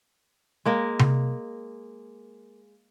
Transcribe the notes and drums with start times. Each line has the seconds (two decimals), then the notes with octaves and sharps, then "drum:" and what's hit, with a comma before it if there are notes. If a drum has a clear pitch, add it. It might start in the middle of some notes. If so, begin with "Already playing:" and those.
0.65 G#3 A#3 A#4
0.99 drum: tom C3